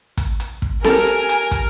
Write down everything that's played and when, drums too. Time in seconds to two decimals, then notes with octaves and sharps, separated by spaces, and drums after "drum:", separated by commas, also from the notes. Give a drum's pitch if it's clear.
0.17 drum: kick, hi-hat
0.40 drum: hi-hat
0.62 drum: kick
0.84 G4 A4 A#4 G#5, drum: snare C4
1.07 drum: hi-hat
1.29 drum: hi-hat
1.51 drum: kick, hi-hat